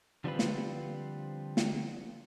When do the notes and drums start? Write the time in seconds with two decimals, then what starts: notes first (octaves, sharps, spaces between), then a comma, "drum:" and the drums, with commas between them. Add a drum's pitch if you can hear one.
0.24 D3 F3 G3 C4 F4 B4
0.39 drum: snare
1.57 drum: snare